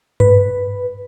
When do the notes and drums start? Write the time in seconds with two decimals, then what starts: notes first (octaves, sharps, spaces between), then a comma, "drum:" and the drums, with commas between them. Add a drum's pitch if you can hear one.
0.20 B4, drum: tom G2